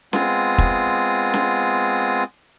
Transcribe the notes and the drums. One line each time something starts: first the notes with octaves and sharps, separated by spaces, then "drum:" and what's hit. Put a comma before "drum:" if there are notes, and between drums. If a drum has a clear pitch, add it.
G#3 B3 C4 F4 D#6, drum: snare C#4
drum: kick
drum: snare C#4